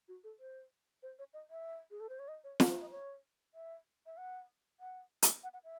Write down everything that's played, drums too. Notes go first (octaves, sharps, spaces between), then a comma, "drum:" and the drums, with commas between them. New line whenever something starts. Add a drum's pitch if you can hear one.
F#4
A4
C5
C5
C#5
D#5
E5
G#4
A4
C5
C#5
D#5
C#5
A4, drum: snare
C5
D#5
C#5
E5
E5
F#5
F#5
drum: hi-hat
F#5
F#5
E5